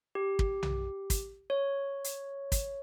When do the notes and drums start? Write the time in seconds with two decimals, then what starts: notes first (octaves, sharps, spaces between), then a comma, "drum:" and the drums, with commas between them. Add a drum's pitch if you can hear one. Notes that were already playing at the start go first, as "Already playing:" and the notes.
0.15 G4
0.39 drum: kick
0.63 drum: tom B1
1.10 drum: kick, hi-hat
1.50 C#5
2.04 drum: hi-hat
2.52 drum: kick, hi-hat